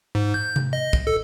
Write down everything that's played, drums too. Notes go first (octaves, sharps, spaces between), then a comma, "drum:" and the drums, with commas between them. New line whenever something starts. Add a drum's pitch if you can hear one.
G#2
G6
drum: tom C3
D#5
drum: kick
A4